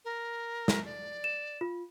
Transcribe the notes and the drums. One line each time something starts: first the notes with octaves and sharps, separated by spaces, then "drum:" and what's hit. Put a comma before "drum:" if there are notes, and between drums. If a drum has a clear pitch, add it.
A#4
drum: snare
D5
E7
F4